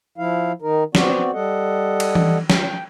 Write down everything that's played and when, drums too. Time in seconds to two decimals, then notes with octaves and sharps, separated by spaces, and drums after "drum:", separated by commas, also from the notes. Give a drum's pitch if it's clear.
0.18 F3 E4 F5
0.62 D#3 D#4 A#4
0.95 B3 C4 F#4 D5, drum: snare
1.33 G3 A4 D#5 F#5
2.00 drum: cymbal
2.15 drum: tom E3
2.50 G5, drum: snare